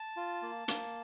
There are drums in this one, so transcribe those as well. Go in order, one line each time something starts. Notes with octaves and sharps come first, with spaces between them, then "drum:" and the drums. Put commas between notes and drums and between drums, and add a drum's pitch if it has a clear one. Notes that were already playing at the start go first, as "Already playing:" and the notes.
Already playing: A5
F4
A#3
A#3, drum: hi-hat